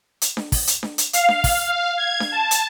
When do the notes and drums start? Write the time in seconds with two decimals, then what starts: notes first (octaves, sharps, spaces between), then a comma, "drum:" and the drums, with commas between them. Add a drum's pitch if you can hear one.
0.22 drum: hi-hat
0.37 drum: snare D4
0.52 drum: kick, open hi-hat
0.67 drum: hi-hat
0.83 drum: snare D4
0.98 drum: hi-hat
1.13 F5, drum: hi-hat
1.29 drum: snare D4
1.44 drum: kick, open hi-hat
1.66 F5
1.98 G#6
2.20 drum: snare D4
2.32 A5
2.51 drum: hi-hat